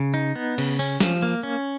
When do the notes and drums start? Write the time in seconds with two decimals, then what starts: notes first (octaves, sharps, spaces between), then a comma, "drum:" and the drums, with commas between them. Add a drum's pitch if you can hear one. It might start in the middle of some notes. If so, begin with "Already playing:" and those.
Already playing: C#3
0.14 D#4
0.36 B3
0.58 C#3, drum: cymbal
0.79 C#4
1.00 F3, drum: snare
1.22 A#3
1.43 C#4